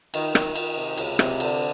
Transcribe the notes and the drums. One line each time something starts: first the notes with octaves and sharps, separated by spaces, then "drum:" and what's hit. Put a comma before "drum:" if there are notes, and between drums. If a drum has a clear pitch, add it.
D#3, drum: cymbal
D#3, drum: rim click
D#3, drum: cymbal
C3
C#2, drum: cymbal
C3, drum: rim click
D3, drum: cymbal